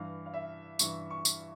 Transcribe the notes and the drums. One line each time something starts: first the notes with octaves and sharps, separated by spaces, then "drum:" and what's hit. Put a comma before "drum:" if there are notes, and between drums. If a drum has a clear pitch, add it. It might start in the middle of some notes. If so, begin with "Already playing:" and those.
Already playing: G2 E3 F5
F5
E5
G2 E3 C#6, drum: tambourine
C#6
drum: tambourine